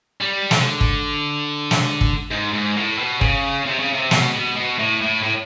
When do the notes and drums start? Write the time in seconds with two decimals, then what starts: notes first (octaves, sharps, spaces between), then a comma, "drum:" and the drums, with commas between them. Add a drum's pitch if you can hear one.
0.21 G3
0.51 D3, drum: snare
0.81 drum: kick
1.71 drum: snare
2.01 drum: kick
2.31 G#2
2.54 G#2
2.77 A2
2.98 B2
3.21 C#3, drum: kick
3.66 C3
3.80 C#3
3.93 C3
4.11 B2, drum: snare
4.34 B2
4.56 B2
4.79 A2
5.01 A2
5.23 A2